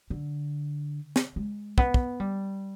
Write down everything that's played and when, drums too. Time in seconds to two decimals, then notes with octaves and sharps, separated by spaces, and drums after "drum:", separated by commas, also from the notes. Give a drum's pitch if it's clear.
0.10 D3
1.16 drum: snare
1.36 G#3
1.78 B3, drum: kick
1.94 drum: kick
2.20 G3